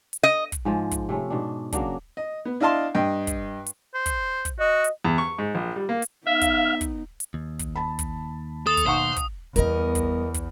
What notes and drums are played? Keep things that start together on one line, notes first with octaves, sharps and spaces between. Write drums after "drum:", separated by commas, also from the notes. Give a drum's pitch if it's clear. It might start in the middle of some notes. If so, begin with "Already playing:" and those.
drum: hi-hat
D#5
drum: kick, hi-hat
G#2 F3 G#3
drum: kick, hi-hat
C3 A3 C#4
G#2 B2 D4
C#3 F#3 A#3 D4, drum: kick, hi-hat
D#5
B3
D4 E4 D#5 F5 A5 C6
G2 D#5 G5
drum: kick, hi-hat
drum: hi-hat
C5
drum: kick, hi-hat
drum: kick, hi-hat
F#4 D#5
drum: hi-hat
E2
C#6
G#2
A#1
G3
A#3
drum: hi-hat
B3 D#4 E5 F5
drum: kick, hi-hat
drum: kick, hi-hat
drum: hi-hat
D#2
drum: kick, hi-hat
A5 B5
drum: kick, hi-hat
A4 D#6
drum: kick, hi-hat
B1 C5 F#5 C#6
drum: kick, hi-hat
E2 G3 B3 A#4 D#5, drum: hi-hat
drum: kick, hi-hat
drum: kick, hi-hat